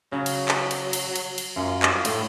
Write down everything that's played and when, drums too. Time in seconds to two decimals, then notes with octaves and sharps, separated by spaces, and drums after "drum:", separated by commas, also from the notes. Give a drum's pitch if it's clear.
0.12 C#3 F#3
0.26 drum: cymbal
0.48 drum: clap
0.71 drum: cymbal
0.93 drum: cymbal
1.16 drum: cymbal
1.38 drum: cymbal
1.56 F#2 F4
1.83 drum: clap
2.05 A2, drum: cymbal